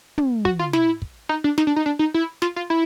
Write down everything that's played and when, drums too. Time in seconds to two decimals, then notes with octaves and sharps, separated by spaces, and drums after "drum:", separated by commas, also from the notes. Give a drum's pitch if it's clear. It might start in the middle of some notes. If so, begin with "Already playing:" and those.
0.18 drum: tom
0.45 F#4, drum: kick
0.59 F4
0.73 E4, drum: snare
1.02 drum: kick
1.29 D#4
1.44 D4
1.58 D#4, drum: snare
1.67 D4
1.76 D#4
1.86 D4
1.99 D#4
2.14 E4
2.42 F4, drum: snare
2.56 F4
2.70 E4